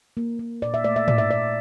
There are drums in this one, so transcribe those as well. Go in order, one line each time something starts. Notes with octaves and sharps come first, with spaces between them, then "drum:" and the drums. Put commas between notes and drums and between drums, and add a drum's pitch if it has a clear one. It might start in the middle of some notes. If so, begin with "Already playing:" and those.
A#3
A#3
A#2 D5
E5
A3 D5
E5
A#2 D5, drum: tom G#2
E5
A#2 D5